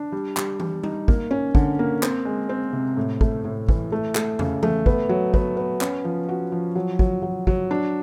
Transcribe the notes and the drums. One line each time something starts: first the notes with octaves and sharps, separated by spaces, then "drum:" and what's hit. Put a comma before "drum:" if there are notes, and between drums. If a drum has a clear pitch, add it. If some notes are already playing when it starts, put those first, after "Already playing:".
Already playing: D4
G3
G3, drum: clap
G3, drum: tom E3
D#4, drum: tom G3
A#3, drum: kick
C#4
D3, drum: kick
A#3
C4, drum: clap
G#3
C4
C3
A2
A3, drum: kick
A2
E3, drum: kick
A3
A3, drum: clap
C#3, drum: tom E2
A3, drum: tom E3
B3, drum: kick
F#3
B3, drum: kick
B3
C#4, drum: clap
F3
F#4
F3
F#3
F#3, drum: kick
F#3
F#3, drum: kick
D4